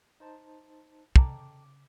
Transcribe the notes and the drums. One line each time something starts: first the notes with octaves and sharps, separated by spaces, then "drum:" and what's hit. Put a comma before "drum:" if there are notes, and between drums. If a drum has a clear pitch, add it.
D#4 C5 A5
C#3 A4 G5 A#5 D6, drum: kick